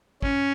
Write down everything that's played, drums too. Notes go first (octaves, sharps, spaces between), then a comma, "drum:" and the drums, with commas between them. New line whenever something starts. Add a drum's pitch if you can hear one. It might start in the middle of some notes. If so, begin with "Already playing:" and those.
C#4, drum: kick